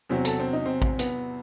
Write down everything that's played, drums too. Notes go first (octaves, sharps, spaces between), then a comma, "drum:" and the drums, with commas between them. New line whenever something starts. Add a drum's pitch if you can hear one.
E2 C3 F#3 C4
A4, drum: hi-hat
C4
D#4
C4
drum: kick A1
B3, drum: hi-hat